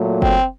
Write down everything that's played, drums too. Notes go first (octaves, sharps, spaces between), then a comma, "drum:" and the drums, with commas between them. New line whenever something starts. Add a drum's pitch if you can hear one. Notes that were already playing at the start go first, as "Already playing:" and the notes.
Already playing: A#2 F#3 A3
C4, drum: kick F#1